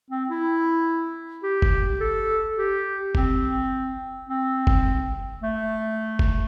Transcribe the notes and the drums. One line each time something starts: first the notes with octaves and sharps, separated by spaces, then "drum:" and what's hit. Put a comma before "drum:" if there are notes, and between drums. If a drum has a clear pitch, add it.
C4
E4
G4
drum: kick
A4
G4
C4, drum: kick
C4
drum: kick
A3
drum: kick